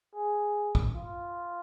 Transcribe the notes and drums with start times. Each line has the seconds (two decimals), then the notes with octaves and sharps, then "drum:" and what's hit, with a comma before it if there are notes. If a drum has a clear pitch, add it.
0.15 G#4
0.75 drum: kick
0.95 F4